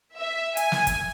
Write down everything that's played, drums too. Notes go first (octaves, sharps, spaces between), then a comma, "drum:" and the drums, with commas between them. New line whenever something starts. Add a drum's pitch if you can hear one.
E5
G#5, drum: hi-hat
drum: snare
drum: kick, hi-hat